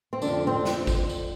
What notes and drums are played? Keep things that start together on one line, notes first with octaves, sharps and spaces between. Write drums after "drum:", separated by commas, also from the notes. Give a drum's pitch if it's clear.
C4
F2 D3 D4, drum: tambourine
C4
drum: snare
drum: kick G1, tambourine
drum: tambourine